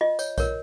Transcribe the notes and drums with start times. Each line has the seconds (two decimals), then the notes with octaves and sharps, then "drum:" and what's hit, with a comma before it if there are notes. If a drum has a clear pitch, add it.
0.01 F4 D#5
0.19 C#5, drum: tambourine
0.38 A#4 C#5, drum: kick B1, tambourine